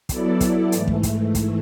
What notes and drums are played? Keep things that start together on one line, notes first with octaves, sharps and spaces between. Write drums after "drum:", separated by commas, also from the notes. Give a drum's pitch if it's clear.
F#3 B3 E4 A4 D5, drum: kick, hi-hat
drum: kick, hi-hat
G#2 E3 A3, drum: hi-hat
drum: kick
drum: kick, hi-hat
drum: kick, hi-hat